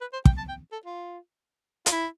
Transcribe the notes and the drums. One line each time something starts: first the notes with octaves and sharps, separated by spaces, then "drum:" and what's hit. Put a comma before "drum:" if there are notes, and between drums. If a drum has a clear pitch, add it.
B4
C5
G5, drum: kick
A5
G5
A4
F4
F4, drum: hi-hat
E4